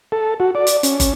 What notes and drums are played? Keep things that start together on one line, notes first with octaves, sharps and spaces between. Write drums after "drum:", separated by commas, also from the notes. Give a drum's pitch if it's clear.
A4
F#4
D5
drum: hi-hat
C#4, drum: hi-hat
drum: kick, hi-hat